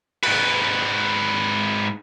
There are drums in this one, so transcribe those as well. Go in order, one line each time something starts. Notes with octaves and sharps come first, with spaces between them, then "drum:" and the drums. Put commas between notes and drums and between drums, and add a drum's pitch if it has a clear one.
G#2 B4, drum: cymbal